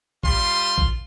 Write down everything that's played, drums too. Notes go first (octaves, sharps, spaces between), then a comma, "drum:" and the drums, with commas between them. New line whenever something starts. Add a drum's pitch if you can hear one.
G3 F4 C6, drum: kick A1
drum: kick A1